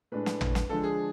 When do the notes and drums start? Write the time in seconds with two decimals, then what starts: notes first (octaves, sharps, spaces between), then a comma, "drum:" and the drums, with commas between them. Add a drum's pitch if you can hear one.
0.12 A2 G#3 D4 B4
0.26 drum: snare
0.41 drum: tom
0.55 drum: snare
0.69 D3 F3 G#3 D4 A4
0.83 G#4